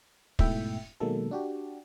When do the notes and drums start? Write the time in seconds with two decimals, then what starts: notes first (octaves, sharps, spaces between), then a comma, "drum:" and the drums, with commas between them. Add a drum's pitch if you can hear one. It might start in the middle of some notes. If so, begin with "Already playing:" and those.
0.39 G#2 B2 A3 E4 E5 G5, drum: kick
1.00 B2 D#3 F#3 G#3 A#3 A4
1.31 D4 F#4 G4